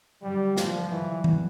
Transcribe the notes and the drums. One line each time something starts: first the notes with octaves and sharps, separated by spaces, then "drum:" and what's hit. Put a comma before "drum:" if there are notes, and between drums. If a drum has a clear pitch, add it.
G2 D3 F#3 G3
G2 D3 F3 F#3, drum: snare
G2 D3 E3 F#3
D3 F#3, drum: tom